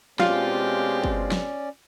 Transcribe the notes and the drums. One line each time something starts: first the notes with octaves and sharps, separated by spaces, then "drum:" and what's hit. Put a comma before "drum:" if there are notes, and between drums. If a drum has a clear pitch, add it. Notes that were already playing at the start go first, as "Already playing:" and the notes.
B2 G#3 C4 C#4 F4 G4 D5, drum: snare
drum: kick
drum: snare